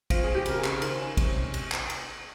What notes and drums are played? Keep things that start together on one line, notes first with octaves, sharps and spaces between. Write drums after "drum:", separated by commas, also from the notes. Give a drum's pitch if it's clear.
C4 F4, drum: kick, cymbal
C4 G#4
G4
C#3 A#4, drum: cymbal
G#4
C#3, drum: clap
A#4
D#3 C5, drum: cymbal
C#4
C3, drum: kick, cymbal
drum: cymbal
drum: clap
drum: cymbal